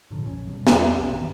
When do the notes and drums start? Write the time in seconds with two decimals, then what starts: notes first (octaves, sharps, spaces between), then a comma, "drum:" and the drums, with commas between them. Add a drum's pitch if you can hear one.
0.11 G2 A#2 D3 F3
0.23 F1 A#1 A2 C#4
0.47 B1 B2 F#3 G3
0.67 E2, drum: snare
0.95 B1 C#4
1.12 F#2 D#3 E3 D4